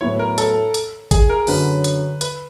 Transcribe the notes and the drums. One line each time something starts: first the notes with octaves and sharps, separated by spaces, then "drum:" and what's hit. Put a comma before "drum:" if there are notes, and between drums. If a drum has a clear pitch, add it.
A2 F#3 B3 E4 C#5
A#4
A4, drum: hi-hat
drum: hi-hat
G#4, drum: kick, hi-hat
A#4
F#2 D3 F#3 B4, drum: open hi-hat
drum: hi-hat
B4, drum: hi-hat